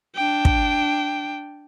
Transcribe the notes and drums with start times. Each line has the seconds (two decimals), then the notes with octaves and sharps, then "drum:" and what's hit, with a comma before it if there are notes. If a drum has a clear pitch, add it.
0.16 D4 G5
0.45 drum: kick